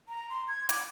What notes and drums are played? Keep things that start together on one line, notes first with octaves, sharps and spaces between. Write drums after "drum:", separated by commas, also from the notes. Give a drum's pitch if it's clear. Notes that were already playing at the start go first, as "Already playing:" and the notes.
A#5
C6
G#6
D6, drum: hi-hat